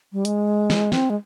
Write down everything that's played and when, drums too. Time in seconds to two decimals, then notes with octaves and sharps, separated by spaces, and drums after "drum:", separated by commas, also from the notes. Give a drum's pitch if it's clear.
0.13 G3
0.25 G#3, drum: hi-hat
0.70 drum: snare
0.92 C4, drum: snare
1.10 G#3